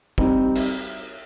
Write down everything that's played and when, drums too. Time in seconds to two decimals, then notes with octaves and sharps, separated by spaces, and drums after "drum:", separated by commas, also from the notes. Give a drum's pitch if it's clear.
0.18 G3 C4 D#4, drum: kick
0.55 drum: cymbal